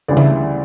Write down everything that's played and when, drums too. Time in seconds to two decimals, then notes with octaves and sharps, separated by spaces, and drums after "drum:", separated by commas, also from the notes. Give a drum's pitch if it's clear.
0.08 D2 C#3 E3 G3 D5
0.17 E5, drum: tom C#3